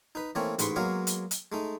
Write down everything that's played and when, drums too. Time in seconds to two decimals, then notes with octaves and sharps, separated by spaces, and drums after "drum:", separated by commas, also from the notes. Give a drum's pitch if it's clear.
0.15 D#4 B4
0.35 E3 A3 A#3 C4 C#4 C#5
0.59 A1 G#2 G#3 B4 C6 C#6, drum: hi-hat
0.76 F#3 G#3 A#3 B3 C#5 F5
1.07 drum: hi-hat
1.31 drum: hi-hat
1.52 G#3 A3 D#4